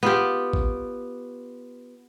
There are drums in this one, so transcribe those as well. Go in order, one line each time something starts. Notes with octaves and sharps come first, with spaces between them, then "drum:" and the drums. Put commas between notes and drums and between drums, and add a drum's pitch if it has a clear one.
B3 F4 G4
drum: kick A1